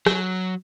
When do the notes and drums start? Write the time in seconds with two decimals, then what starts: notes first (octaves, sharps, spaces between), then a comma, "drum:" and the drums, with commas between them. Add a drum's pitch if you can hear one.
0.06 F#3, drum: rim click